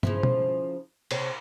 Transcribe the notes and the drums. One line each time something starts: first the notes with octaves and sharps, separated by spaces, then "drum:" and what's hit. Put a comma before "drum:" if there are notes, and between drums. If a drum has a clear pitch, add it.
C#3 F3 E4, drum: tom
drum: tom B2
C3 C#5, drum: cymbal